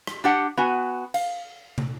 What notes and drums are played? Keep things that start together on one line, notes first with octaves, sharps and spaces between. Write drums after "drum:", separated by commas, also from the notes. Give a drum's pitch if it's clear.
drum: rim click
D4 G4 F#5
B3 F#4 G#5
F5, drum: cymbal
drum: tom